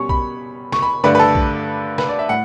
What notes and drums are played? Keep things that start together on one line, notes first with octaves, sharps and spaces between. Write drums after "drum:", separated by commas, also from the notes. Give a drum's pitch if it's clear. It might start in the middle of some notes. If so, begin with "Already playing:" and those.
Already playing: B2 G3 C#4 C#6
B5, drum: kick A#1
C#6, drum: snare
B5
G2 D3 A3 D4 B4
B4
A4
drum: kick A#1
B4, drum: snare
D5
E5
A2 F#5